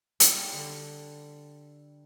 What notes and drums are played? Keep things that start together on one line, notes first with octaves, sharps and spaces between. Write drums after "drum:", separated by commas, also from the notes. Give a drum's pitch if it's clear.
G3, drum: hi-hat
D3